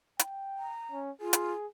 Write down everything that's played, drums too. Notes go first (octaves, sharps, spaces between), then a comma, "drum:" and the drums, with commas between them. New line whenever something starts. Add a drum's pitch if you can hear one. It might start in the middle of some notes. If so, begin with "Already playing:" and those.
G5, drum: hi-hat
A#5
C#4
F4 G#4
drum: hi-hat